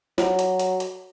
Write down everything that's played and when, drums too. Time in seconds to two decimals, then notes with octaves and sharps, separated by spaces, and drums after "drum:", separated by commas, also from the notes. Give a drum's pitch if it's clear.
0.18 F#3, drum: snare
0.39 drum: hi-hat
0.59 drum: hi-hat
0.80 drum: hi-hat